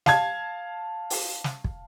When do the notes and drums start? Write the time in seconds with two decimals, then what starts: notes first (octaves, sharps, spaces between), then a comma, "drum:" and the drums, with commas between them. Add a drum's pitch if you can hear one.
0.06 F5 A5 G#6, drum: snare
1.10 drum: open hi-hat
1.44 drum: snare
1.64 drum: kick